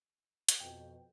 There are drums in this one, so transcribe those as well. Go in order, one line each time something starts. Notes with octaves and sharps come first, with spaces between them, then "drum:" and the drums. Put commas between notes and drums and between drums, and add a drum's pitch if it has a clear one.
drum: hi-hat
F2 B2 G5